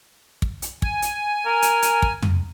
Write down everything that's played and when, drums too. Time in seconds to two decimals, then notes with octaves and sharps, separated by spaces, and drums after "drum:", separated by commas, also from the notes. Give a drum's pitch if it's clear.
0.42 drum: kick
0.62 drum: hi-hat
0.82 G#5, drum: kick
1.02 drum: hi-hat
1.46 A#4
1.62 drum: hi-hat
1.82 drum: hi-hat
2.02 drum: kick
2.22 drum: tom